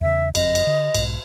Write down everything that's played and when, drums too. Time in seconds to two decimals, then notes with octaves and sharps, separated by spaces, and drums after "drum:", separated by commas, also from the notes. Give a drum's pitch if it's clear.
0.01 E2 C#3 E5
0.35 F#1 F2 C4 D#5, drum: cymbal
0.55 drum: cymbal
0.67 D3
0.94 B1 G#2, drum: cymbal